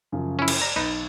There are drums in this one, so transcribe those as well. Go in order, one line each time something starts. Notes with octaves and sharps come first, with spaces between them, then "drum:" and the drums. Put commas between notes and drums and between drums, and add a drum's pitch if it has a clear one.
F#2 C#3 F3
C#4 E4
drum: cymbal
D5 A#5
B1 D#4 B4 A6